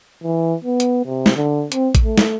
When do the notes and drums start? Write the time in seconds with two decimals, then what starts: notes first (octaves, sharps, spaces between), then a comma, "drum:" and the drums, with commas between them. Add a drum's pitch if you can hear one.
0.24 E3
0.64 B3
0.80 drum: hi-hat
1.06 C3
1.26 drum: snare
1.36 D3
1.72 C4, drum: hi-hat
1.95 drum: kick A1, hi-hat
2.04 A3
2.18 drum: snare